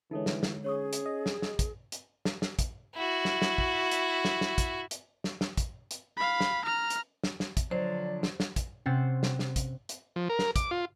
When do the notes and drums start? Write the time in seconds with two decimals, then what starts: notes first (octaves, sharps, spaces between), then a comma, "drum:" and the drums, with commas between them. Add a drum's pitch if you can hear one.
0.11 D3 E3 G#3 D#4 A4 C#5
0.26 drum: snare
0.43 drum: snare
0.64 C#4 G#4 C#5 C#6 D#6
0.93 drum: hi-hat
1.06 D#5
1.26 drum: snare
1.42 drum: snare
1.59 drum: kick, hi-hat
1.92 drum: hi-hat
2.25 drum: snare
2.42 drum: snare
2.59 drum: kick, hi-hat
2.95 E4 F#4
3.25 drum: snare
3.42 drum: snare
3.58 drum: kick
3.91 drum: hi-hat
4.25 drum: snare
4.41 drum: snare
4.58 drum: kick, hi-hat
4.91 drum: hi-hat
5.24 drum: snare
5.41 drum: snare
5.57 drum: kick, hi-hat
5.91 drum: hi-hat
6.17 F5 B5
6.41 drum: snare
6.64 A#5 F6
6.90 drum: hi-hat
7.24 drum: snare
7.40 drum: snare
7.57 drum: kick, hi-hat
7.71 D3 F3 F#3 D4 C5 D5
8.23 drum: snare
8.40 drum: snare
8.56 drum: kick, hi-hat
8.86 C3 C4 C#4 C5 F#5 A6
9.23 drum: snare
9.39 drum: snare
9.56 drum: kick, hi-hat
9.89 drum: hi-hat
10.16 F3
10.29 A#4
10.39 drum: snare
10.56 D6, drum: kick, hi-hat
10.71 F4